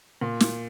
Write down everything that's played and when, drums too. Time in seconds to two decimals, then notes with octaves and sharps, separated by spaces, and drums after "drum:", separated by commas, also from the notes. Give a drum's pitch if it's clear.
0.21 A#2
0.40 drum: snare